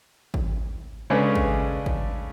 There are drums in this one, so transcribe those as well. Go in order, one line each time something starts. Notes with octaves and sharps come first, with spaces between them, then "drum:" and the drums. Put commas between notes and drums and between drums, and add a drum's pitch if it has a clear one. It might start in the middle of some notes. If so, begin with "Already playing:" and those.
drum: kick
C#3 G#3 C#4 D4 A4 B4
drum: kick
drum: kick